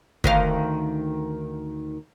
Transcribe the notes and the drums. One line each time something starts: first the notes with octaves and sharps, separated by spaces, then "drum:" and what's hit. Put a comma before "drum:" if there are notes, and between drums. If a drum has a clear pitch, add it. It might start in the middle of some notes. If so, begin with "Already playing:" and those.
D2 D#3 F5, drum: kick